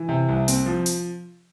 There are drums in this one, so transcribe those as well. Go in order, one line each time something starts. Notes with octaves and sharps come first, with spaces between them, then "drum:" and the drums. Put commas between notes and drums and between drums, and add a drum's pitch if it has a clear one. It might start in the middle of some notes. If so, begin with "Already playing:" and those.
Already playing: E3
C3
C2
C4, drum: hi-hat
F3
drum: hi-hat